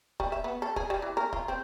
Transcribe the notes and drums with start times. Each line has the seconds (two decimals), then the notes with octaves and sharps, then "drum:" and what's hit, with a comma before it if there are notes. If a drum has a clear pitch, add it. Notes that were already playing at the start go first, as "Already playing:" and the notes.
0.20 G3, drum: kick
0.32 E5
0.44 B3
0.62 A4
0.76 G#4, drum: kick
0.90 G3
1.02 E3
1.17 A#4
1.33 F4, drum: kick
1.48 C4